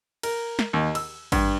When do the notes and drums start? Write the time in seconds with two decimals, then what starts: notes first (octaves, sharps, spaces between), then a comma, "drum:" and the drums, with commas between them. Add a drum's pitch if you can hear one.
0.23 A#4, drum: cymbal
0.59 drum: snare
0.73 D#2
0.95 E6, drum: cymbal
1.32 G2, drum: kick G#1, cymbal